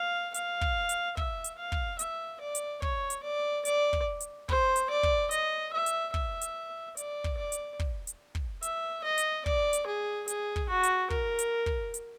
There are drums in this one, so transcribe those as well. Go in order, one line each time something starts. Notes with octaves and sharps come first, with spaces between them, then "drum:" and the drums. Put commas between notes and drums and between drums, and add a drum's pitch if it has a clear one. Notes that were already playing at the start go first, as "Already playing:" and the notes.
Already playing: F5
F5, drum: hi-hat
drum: kick
drum: hi-hat
E5, drum: kick
drum: hi-hat
F5
drum: kick
E5, drum: hi-hat
D5
drum: hi-hat
C#5, drum: kick
drum: hi-hat
D5
D5, drum: hi-hat
drum: kick
drum: hi-hat
C5, drum: kick
drum: hi-hat
D5
drum: kick
D#5, drum: hi-hat
E5
drum: hi-hat
E5, drum: kick
drum: hi-hat
D5, drum: hi-hat
drum: kick
D5
drum: hi-hat
drum: kick
drum: hi-hat
drum: kick
E5, drum: hi-hat
D#5
drum: hi-hat
D5, drum: kick
drum: hi-hat
G#4
G#4, drum: hi-hat
drum: kick
F#4
drum: hi-hat
A#4, drum: kick
drum: hi-hat
drum: kick
drum: hi-hat